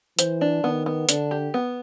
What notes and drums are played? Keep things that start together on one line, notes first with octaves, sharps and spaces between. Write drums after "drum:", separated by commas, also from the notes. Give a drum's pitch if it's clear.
E3 C5, drum: hi-hat
D4
D#3 B3
B3
D3 D4, drum: hi-hat
G4
B3